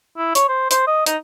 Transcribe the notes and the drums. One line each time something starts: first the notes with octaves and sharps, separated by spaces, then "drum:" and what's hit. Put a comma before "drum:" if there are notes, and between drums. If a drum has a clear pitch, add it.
E4
C#5, drum: hi-hat
C5
C5, drum: hi-hat
D#5
D#4, drum: hi-hat